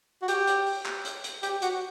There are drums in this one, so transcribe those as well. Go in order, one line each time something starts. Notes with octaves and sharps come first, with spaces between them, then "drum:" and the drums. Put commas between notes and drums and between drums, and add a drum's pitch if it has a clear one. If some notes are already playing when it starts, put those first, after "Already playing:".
F#4
G4, drum: hi-hat
drum: hi-hat
drum: open hi-hat
drum: clap
drum: hi-hat
drum: hi-hat
G4, drum: hi-hat
F#4, drum: hi-hat